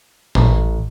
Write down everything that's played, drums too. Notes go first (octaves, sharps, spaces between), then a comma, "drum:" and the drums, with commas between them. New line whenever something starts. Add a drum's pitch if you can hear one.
A1, drum: tom